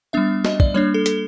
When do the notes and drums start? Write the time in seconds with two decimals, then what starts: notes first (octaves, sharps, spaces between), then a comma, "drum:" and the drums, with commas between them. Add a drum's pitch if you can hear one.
0.13 G3 B3 D4 E5
0.45 D#5, drum: snare
0.60 D5, drum: kick
0.74 G3 A#3 D4 C#5
0.94 A4
1.06 A4, drum: hi-hat